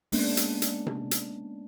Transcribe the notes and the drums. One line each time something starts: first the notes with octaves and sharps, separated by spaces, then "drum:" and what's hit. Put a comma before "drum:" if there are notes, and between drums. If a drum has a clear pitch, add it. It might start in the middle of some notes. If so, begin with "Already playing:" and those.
G#3 A#3 B3 C#4 D4, drum: open hi-hat
drum: hi-hat
drum: hi-hat
drum: tom C3
drum: hi-hat